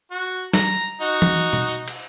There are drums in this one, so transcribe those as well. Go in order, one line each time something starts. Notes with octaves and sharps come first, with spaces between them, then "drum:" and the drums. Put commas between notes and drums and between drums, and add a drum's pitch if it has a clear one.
F#4
A#5, drum: snare
D#4 F#4
drum: tom E3
drum: tom B2
drum: cymbal